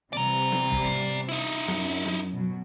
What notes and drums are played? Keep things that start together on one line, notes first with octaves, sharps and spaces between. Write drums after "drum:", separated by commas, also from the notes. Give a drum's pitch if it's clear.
C3 E3 G3 D5 A#5
drum: snare
drum: kick
drum: hi-hat
D#4 E4
drum: hi-hat
F#2, drum: snare
drum: hi-hat
drum: snare
B2 F#3